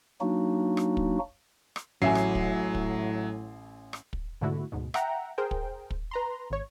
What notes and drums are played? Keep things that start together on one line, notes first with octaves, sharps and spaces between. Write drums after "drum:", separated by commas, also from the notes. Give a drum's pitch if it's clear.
F#3 A#3 D4 D#4 F#4
drum: rim click
drum: kick
drum: rim click
A1 A2 F#3 E5 G#5 C7
drum: rim click
drum: kick
drum: kick
drum: rim click
drum: kick
G#2 B2 D3 A3 E4 F#4
D2 G#2 B2
E5 F#5 G5 A#5, drum: rim click
G#4 A#4 C5 G5
drum: kick
drum: kick
B4 A#5 C6
G#1 C#5